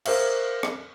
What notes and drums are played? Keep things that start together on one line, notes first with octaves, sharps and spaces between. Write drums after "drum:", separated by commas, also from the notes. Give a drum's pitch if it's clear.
A#4 C5 E5 F5, drum: cymbal
drum: rim click